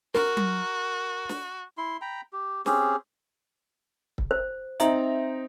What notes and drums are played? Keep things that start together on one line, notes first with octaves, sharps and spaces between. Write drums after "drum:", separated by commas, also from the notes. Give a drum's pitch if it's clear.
F#4 A#4, drum: snare
drum: tom F#3
drum: snare
E4 C6
G5 A#5 B5
G4
C4 C#4 G4 G#4, drum: snare
drum: kick
C5
C4 D#4 E5 A#5, drum: hi-hat